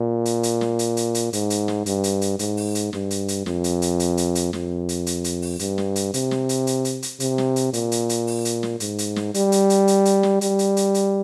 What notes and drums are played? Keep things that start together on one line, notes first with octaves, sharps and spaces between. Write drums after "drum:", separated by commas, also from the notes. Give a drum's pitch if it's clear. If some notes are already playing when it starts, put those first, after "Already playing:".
Already playing: A#2
drum: hi-hat
drum: hi-hat
drum: snare
drum: hi-hat
drum: hi-hat
drum: hi-hat
G#2, drum: hi-hat
drum: hi-hat
drum: snare
G2, drum: hi-hat
drum: hi-hat
drum: hi-hat
G#2, drum: hi-hat
drum: open hi-hat
drum: hi-hat
G2, drum: snare
drum: hi-hat
drum: hi-hat
F2, drum: snare
drum: hi-hat
drum: hi-hat
drum: hi-hat
drum: hi-hat
drum: hi-hat
F2, drum: snare
drum: hi-hat
drum: hi-hat
drum: hi-hat
drum: open hi-hat
G2, drum: hi-hat
drum: snare
drum: hi-hat
C3, drum: hi-hat
drum: snare
drum: hi-hat
drum: hi-hat
drum: hi-hat
drum: hi-hat
C3, drum: hi-hat
drum: snare
drum: hi-hat
A#2, drum: hi-hat
drum: hi-hat
drum: hi-hat
drum: open hi-hat
drum: hi-hat
drum: snare
G#2, drum: hi-hat
drum: hi-hat
drum: snare
G3, drum: hi-hat
drum: hi-hat
drum: hi-hat
drum: hi-hat
drum: hi-hat
drum: snare
G3, drum: hi-hat
drum: hi-hat
drum: hi-hat
drum: hi-hat